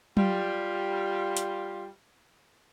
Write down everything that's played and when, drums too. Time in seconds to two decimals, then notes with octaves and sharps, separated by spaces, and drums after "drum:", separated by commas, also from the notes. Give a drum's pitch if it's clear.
0.17 G3 F4, drum: tom F#3
1.37 drum: hi-hat